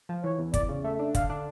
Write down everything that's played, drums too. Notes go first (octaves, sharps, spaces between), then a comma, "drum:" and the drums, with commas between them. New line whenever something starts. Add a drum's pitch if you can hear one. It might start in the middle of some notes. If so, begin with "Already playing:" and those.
F3
E3 C#5
E2
E2 D5, drum: kick, hi-hat
C#3
A3 E5
D4
D3 F5, drum: kick, hi-hat
D4